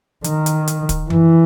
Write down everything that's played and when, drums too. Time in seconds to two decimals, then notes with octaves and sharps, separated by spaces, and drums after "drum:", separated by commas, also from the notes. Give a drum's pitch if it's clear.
0.24 D#3, drum: hi-hat
0.46 drum: hi-hat
0.67 drum: hi-hat
0.89 drum: kick, hi-hat
1.10 E3, drum: tom F#2